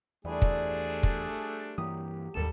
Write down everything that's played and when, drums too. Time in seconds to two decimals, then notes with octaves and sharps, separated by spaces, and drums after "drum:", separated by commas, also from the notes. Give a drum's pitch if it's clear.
0.25 E2 F3 G3 A3 D4 G#4
0.42 drum: kick
1.03 drum: kick
1.78 G2 E3 F#3 A#3 G4 D#6
2.34 F#1 D#2 G#2 G3 A4 E7